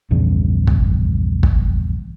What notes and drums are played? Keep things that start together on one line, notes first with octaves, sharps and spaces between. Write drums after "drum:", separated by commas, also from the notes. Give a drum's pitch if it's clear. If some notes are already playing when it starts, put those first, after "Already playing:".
A#1 E2 G2 C#3
drum: kick
drum: kick